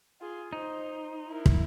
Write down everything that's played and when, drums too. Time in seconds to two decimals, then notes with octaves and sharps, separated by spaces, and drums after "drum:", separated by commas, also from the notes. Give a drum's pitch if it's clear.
0.21 F4 G#4
0.53 D#4 C5
1.27 E4 A#4
1.46 drum: kick